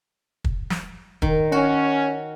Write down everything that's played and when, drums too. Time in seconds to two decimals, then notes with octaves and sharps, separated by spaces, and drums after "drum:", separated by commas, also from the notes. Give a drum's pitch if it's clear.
0.44 drum: kick
0.70 drum: snare
1.22 D#3, drum: kick
1.52 C#4 F#4